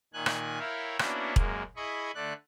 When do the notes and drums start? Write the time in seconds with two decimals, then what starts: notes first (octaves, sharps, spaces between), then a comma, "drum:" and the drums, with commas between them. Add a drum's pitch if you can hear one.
0.14 A#2 D#3 G#5 F#6
0.26 drum: rim click
0.59 E4 A#4 C#5 E5 F5 G5
0.99 A#3 B3 C#4 D4 E4 F#4, drum: rim click
1.36 F#2 G#3 A#3, drum: kick E1
1.76 E4 G#4 D#5 B5 C#6
2.15 D3 A3 D5 F#6